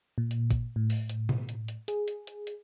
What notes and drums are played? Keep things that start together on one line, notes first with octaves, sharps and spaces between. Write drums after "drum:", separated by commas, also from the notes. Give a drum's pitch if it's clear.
A#2
drum: hi-hat
drum: kick, hi-hat
A2
drum: open hi-hat
drum: hi-hat
drum: tom B2
drum: hi-hat
drum: hi-hat
G#4, drum: hi-hat
drum: hi-hat
drum: hi-hat
drum: hi-hat